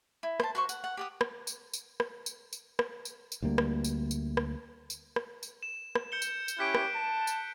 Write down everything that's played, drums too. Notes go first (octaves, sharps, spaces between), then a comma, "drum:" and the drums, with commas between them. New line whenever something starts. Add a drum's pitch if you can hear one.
E4
C5 A5, drum: rim click
F#4 C5 C#6
F#5, drum: tambourine
F#5
G4 F#5 D#6
drum: rim click
drum: tambourine
drum: tambourine
drum: rim click
drum: tambourine
drum: tambourine
drum: rim click
drum: tambourine
drum: tambourine
D2 D3 G3 A#3
drum: rim click
drum: tambourine
drum: tambourine
drum: rim click
drum: tambourine
drum: rim click
drum: tambourine
E7
drum: rim click
G6 C#7 G7
drum: tambourine
drum: tambourine
C#4 E4 G4 F#6 B6 D7
drum: rim click
A5
drum: tambourine